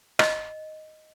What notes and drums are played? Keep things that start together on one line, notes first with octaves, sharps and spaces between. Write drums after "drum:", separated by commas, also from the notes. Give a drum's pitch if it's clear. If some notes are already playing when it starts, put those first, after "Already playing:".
D#5, drum: rim click